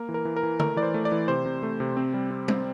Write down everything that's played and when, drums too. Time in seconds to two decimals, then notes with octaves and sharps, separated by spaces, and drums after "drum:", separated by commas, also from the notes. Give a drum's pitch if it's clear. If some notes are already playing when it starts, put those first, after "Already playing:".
Already playing: A#3 A#4
0.09 E3
0.14 A#4
0.25 E3
0.36 A#4
0.43 E3
0.60 A3 A#4, drum: tom D3
0.77 E3 D5
0.82 C5
0.94 A3
1.05 D5
1.12 E3
1.28 C3 C5
1.46 C3
1.63 A3
1.80 C3
1.97 C4
2.14 G3
2.31 C4
2.48 C4, drum: tom G3